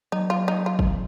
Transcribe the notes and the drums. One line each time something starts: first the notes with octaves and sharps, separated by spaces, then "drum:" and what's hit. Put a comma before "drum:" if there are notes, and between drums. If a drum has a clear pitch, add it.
F#3 D#4
F4
D#4
F4
drum: kick